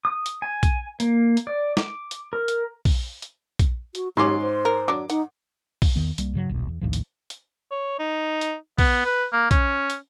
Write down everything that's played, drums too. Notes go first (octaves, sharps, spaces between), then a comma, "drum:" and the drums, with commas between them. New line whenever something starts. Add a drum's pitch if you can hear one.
D#6
drum: hi-hat
G#5
drum: kick, hi-hat
A#3, drum: hi-hat
drum: hi-hat
D5
D6, drum: snare
drum: hi-hat
A#4
drum: hi-hat
drum: kick, open hi-hat
drum: hi-hat
drum: kick, hi-hat
F#4, drum: hi-hat
G#2 F#3 C#4 G4 C6 D6
C5
A#4
F#3 D4 D6
D#4 F#5, drum: hi-hat
drum: kick, open hi-hat
E2 D#3 B3
C2 G3 A#3, drum: hi-hat
G2 C#3 F#3
D#1 B1
E2
A#1 D#2 A2 F3
drum: hi-hat
drum: hi-hat
C#5
D#4
drum: hi-hat
B3, drum: kick, open hi-hat
B4
A#3
C#4, drum: kick, hi-hat
drum: hi-hat